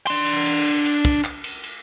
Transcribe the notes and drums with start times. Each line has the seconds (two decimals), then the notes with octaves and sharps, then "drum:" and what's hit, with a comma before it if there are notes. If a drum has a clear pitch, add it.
0.07 D4 C6, drum: cymbal
0.26 drum: cymbal
0.46 drum: cymbal
0.66 drum: cymbal
0.85 drum: cymbal
1.05 drum: kick, cymbal
1.24 drum: clap
1.44 drum: cymbal
1.63 drum: cymbal